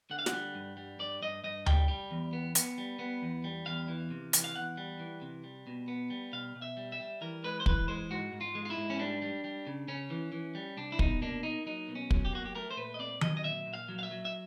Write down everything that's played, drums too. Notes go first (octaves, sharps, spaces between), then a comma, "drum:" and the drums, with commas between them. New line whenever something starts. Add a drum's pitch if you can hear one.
D3 F#5
F5
F#5, drum: snare
G3
G2
G3
G2 D5
G2 D#5
G2 D#5
G3 G5, drum: tom D2
G3
E2
B3
B3, drum: hi-hat
G3
B3
E2
G3
E2 F5
E3
C3
E3, drum: hi-hat
F5
E2 F#5
G3
E3
C3
G3
B2
B3
G3
B2 F5
B2
E5
G3
E5
G3
E3 A#4
G#3 B4
C5
E3 B4, drum: kick
G#3 C5
G#2 F#4
G#2
F4
G#3
F4
E4
G#2
C#4
G3 D4
G3
G3
C#3
C#3 C#4
E3
E3
G3
C2 D4
E4
B2 D#4, drum: kick
A#3 D4
A#3 D#4
F#3 D#4
B2
C#4
F#3, drum: kick
G4
A#3 F#4
G4
A3 A#4
C5
A#2 B4
D#5
C4 D5
F#3 D#5, drum: tom D#3
D#5
A#2 E5
A#2
F5
F#3
F5
E5
F#3
E5